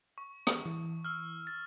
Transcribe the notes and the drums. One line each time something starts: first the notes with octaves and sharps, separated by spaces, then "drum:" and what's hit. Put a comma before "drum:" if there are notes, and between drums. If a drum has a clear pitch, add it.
C#6
drum: rim click
E3
E6 F6
A6